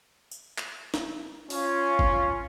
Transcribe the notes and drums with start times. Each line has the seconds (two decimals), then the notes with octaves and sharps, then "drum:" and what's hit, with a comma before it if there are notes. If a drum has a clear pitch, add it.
0.31 drum: tambourine
0.58 drum: clap
0.94 drum: snare
1.50 C#4 F4, drum: open hi-hat
1.99 drum: kick F#1